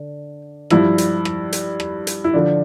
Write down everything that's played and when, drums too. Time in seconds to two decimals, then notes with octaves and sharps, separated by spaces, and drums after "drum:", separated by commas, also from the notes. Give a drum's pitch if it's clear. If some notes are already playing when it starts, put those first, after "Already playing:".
Already playing: D3
0.70 G2 F3 E4, drum: rim click
0.98 drum: hi-hat
1.25 drum: rim click
1.53 drum: hi-hat
1.80 drum: rim click
2.07 drum: hi-hat
2.24 E4
2.34 D3 F3 D4